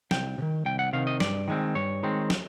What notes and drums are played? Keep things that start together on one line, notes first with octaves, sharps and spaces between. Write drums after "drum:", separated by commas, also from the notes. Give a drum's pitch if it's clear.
C2 G5, drum: snare
C3
D#3
C2 G5
F#5
C3 D#3 F5
D#5
G2 D5, drum: snare
D#3 G#3 C4
G2 C#5
D#3 G#3 C4
drum: snare